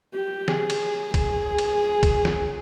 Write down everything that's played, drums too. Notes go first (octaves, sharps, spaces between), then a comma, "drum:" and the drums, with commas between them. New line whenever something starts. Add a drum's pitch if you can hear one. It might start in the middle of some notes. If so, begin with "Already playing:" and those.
G4
G#4, drum: snare
drum: cymbal
G#4, drum: kick, cymbal
drum: cymbal
drum: kick, cymbal
drum: snare